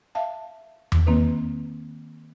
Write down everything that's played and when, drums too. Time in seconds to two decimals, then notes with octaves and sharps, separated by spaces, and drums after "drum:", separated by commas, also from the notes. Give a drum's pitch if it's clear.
0.15 E5 F5 A5
0.92 drum: tom E2
1.07 D#3 A#3 C4 D#4 B4